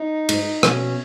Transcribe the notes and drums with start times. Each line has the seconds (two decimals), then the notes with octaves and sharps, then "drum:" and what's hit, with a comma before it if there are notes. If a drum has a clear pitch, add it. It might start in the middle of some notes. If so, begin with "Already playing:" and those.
Already playing: D#4
0.29 G#2, drum: cymbal
0.63 B2 C#4, drum: rim click